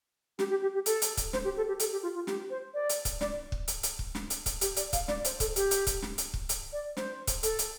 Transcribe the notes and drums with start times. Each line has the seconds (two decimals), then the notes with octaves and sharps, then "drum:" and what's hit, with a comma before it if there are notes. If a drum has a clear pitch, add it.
0.39 G4, drum: snare
0.50 G4
0.62 G4
0.74 G4
0.86 A4, drum: hi-hat
1.02 drum: hi-hat
1.17 drum: kick, hi-hat
1.33 C5, drum: snare
1.44 G4
1.57 A4
1.68 G4
1.80 A4, drum: hi-hat
1.92 G4
2.03 F4
2.15 F4
2.27 G4, drum: snare
2.50 C5
2.74 D5
2.89 drum: hi-hat
3.05 drum: kick, hi-hat
3.21 D5, drum: snare
3.52 drum: kick
3.68 drum: hi-hat
3.83 drum: hi-hat
3.99 drum: kick
4.15 drum: snare
4.30 drum: hi-hat
4.46 drum: kick, hi-hat
4.61 G4, drum: hi-hat
4.77 D5, drum: hi-hat
4.93 F5, drum: kick, hi-hat
5.08 D5, drum: snare
5.25 C5, drum: hi-hat
5.40 A4, drum: kick, hi-hat
5.56 G4, drum: hi-hat
5.71 drum: hi-hat
5.87 drum: kick, hi-hat
6.02 drum: snare
6.18 drum: hi-hat
6.34 drum: kick
6.49 drum: hi-hat
6.73 D5
6.97 C5, drum: snare
7.27 drum: kick, hi-hat
7.43 A4, drum: hi-hat
7.59 drum: hi-hat